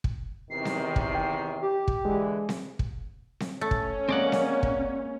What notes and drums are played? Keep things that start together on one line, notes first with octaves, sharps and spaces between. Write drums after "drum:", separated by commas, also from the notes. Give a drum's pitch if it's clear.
drum: kick
E2 C3 D#3 C7
drum: snare C4
drum: kick
G5
G4
drum: kick
D3 E3 G#3
drum: snare C4
drum: kick
drum: snare C4
A3 C#4
drum: kick
G#3 A#3 C4 D5 F#5
drum: snare C4
drum: kick